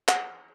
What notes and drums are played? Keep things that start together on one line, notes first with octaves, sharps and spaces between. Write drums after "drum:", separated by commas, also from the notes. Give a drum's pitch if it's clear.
F#5, drum: clap